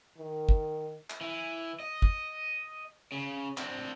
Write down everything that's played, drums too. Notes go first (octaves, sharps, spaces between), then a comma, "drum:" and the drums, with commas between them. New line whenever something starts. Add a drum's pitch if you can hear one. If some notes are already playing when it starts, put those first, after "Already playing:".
D#3
drum: kick
drum: clap
E3
D#5
drum: kick
C#3
C4 D4, drum: clap